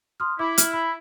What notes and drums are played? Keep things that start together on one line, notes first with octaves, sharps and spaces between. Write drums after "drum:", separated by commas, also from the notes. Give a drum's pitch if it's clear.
C6 D#6 F6
E4 D6
F6, drum: hi-hat
B5